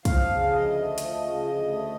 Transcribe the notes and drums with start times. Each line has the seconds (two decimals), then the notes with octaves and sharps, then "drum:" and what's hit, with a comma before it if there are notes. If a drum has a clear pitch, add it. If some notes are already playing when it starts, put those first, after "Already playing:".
0.05 F3 F5, drum: kick, hi-hat
0.29 C#3
0.52 D2 D#5
0.75 A3
0.98 F3, drum: hi-hat
1.21 C#3
1.44 D2
1.68 A3